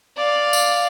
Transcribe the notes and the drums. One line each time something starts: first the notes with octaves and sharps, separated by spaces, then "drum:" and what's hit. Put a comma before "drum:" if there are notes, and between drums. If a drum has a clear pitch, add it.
D5 F5
drum: tambourine